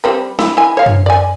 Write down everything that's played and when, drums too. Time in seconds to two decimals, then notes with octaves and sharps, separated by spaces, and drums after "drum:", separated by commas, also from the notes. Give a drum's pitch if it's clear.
0.04 G3 C4 B4
0.39 E4, drum: snare
0.57 E4 G#5
0.77 C#5 F5
0.86 drum: tom F#2
1.06 D5 G#5